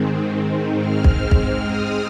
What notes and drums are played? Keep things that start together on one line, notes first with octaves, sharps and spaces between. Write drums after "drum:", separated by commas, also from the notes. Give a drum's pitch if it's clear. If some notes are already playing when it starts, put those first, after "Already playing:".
Already playing: G#2 D#3 G#3 C4
G#2 G#3 C4 F6
drum: kick B1
drum: kick B1
D#6